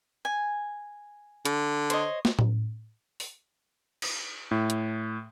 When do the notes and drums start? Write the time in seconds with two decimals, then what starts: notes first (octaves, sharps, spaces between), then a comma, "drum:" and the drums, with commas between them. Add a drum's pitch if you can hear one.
0.25 G#5
1.45 D3, drum: hi-hat
1.90 C5 C#5 D#5, drum: hi-hat
2.25 drum: snare
2.39 drum: tom A2
3.20 drum: open hi-hat
4.02 drum: cymbal
4.51 A2
4.70 drum: hi-hat